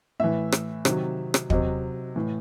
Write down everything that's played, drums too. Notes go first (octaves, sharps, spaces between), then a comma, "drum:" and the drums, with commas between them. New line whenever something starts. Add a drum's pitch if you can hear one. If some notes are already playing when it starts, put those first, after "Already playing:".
A2 E3 E5
drum: rim click
C3 D#3 F#3, drum: rim click
drum: rim click
C3 F#3 D#5, drum: kick
A2 E3